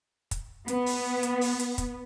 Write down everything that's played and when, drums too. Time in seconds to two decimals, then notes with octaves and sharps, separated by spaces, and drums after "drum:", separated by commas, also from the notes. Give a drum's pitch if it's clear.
0.31 drum: kick, hi-hat
0.68 B3, drum: hi-hat
0.86 drum: open hi-hat
1.23 drum: hi-hat
1.41 drum: open hi-hat
1.60 drum: hi-hat
1.78 drum: kick, hi-hat